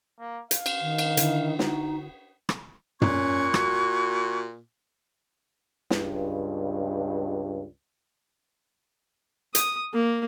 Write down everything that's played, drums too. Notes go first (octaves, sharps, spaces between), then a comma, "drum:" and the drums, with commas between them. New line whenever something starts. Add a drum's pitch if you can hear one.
A#3
F5, drum: hi-hat
drum: cymbal
D#3
drum: cymbal
D3 E4, drum: hi-hat
D#4 F#4, drum: snare
drum: rim click
A#2 C#4 C#6 F#6 G#6, drum: tom
F#4, drum: rim click
C#2 G2, drum: snare
D#6, drum: hi-hat
A#3